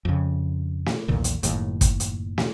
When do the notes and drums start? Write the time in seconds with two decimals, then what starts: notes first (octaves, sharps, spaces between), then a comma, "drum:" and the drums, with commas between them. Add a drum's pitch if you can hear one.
0.05 F2 C#3
0.86 drum: snare
1.08 B1 E2 A#2 D#3
1.24 drum: hi-hat
1.43 F#1 D#2 A2, drum: hi-hat
1.81 drum: kick, hi-hat
2.00 drum: hi-hat
2.38 drum: snare